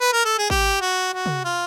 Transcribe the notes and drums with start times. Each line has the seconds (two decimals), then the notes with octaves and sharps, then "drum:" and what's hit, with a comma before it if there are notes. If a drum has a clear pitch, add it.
0.00 B4
0.13 A#4
0.25 A4
0.38 G#4
0.50 G4, drum: kick G#1
0.81 F#4
1.13 F#4
1.26 drum: tom
1.45 F4